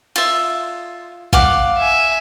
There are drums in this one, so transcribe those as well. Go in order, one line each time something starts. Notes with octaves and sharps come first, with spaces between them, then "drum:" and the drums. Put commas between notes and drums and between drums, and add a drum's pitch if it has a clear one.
F4 E5, drum: cymbal
F5 F#5 D6, drum: kick
E5 G#5